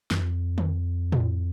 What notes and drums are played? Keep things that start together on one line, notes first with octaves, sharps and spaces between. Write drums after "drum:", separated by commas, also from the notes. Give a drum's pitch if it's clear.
F#2, drum: snare
F2
drum: tom D3
drum: tom A2